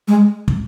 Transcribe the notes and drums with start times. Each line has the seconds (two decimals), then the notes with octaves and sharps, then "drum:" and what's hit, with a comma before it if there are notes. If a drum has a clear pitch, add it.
0.08 G#3
0.48 drum: kick